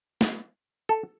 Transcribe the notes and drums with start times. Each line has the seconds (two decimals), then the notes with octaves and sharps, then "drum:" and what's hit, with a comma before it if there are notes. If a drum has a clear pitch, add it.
0.21 drum: snare
0.89 A4